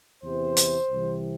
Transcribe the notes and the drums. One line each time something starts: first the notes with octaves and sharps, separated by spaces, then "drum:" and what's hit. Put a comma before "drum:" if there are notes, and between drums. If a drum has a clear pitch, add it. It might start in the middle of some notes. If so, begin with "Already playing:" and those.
E2 C3 E3 C5
drum: hi-hat
C2 C3 E3